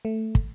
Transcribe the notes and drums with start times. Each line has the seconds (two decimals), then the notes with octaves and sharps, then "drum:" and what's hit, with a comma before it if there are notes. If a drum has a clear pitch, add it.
0.05 A3
0.35 drum: kick